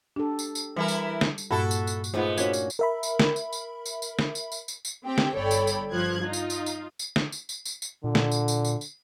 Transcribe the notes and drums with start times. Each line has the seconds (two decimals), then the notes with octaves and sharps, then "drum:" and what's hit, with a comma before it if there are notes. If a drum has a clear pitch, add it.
0.16 D4 G4 A4
0.39 drum: tambourine
0.55 drum: tambourine
0.77 E3 G3 E4 A#4
0.88 drum: tambourine
1.21 drum: snare
1.38 drum: tambourine
1.51 G2 A#2 E4 F#4 A4 F#5
1.71 drum: tambourine
1.87 drum: tambourine
2.04 drum: tambourine
2.14 G#2 G#3 A3 B3 D#4 F4 C5
2.38 A#3 C#4 D4 F#4 G#6, drum: tambourine
2.53 drum: tambourine
2.70 drum: tambourine
2.79 A#4 E5 B5
3.03 drum: tambourine
3.20 drum: snare
3.36 drum: tambourine
3.53 drum: tambourine
3.86 drum: tambourine
4.02 drum: tambourine
4.19 drum: snare
4.35 drum: tambourine
4.52 drum: tambourine
4.68 drum: tambourine
4.85 drum: tambourine
5.06 C4 G4 G5
5.18 drum: snare
5.34 G1 A4 C#5 D5 G5 B5
5.51 drum: tambourine
5.67 drum: tambourine
5.93 G2 F3 F#6 G#6
6.24 D#4 F4
6.33 drum: tambourine
6.50 drum: tambourine
6.66 drum: tambourine
6.99 drum: tambourine
7.16 drum: snare
7.32 drum: tambourine
7.49 drum: tambourine
7.65 drum: tambourine
7.82 drum: tambourine
8.04 A#2 D3
8.15 drum: snare
8.32 drum: tambourine
8.48 drum: tambourine
8.65 drum: tambourine
8.81 drum: tambourine